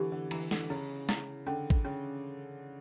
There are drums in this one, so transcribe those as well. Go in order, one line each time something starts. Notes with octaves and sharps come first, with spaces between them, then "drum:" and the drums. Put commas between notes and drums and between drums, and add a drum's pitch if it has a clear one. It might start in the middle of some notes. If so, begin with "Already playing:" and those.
Already playing: D3 E3 B3 G4
D3
E3 A#5, drum: cymbal
D3, drum: snare
C#3 E4
E4, drum: snare
D3 C#4
drum: kick A1
C#3 C#4